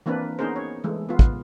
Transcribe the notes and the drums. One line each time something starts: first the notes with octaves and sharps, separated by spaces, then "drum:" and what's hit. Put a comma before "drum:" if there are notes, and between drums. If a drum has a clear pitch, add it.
E3 A#3 C4 D4 B4
B3 C#4 D#4 G#4 A#4 C5
C#5
E3 G#3 A3
B3 F4
drum: kick